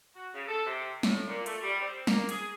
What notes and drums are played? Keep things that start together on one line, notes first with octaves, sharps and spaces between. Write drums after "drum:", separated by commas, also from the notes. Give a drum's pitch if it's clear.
F#4
C#3
A4
C3
A2, drum: snare
A#2
A3, drum: hi-hat
G3
C4
A#3, drum: snare
G#4, drum: hi-hat